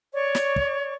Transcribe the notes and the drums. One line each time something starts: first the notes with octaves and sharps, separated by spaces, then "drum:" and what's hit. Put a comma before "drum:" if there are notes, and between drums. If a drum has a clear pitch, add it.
C#5 D5 C#6
drum: snare
drum: kick